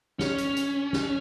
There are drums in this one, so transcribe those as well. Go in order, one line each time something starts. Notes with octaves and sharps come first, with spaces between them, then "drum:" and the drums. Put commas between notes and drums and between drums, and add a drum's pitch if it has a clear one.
C#4, drum: snare
drum: hi-hat
drum: hi-hat
drum: snare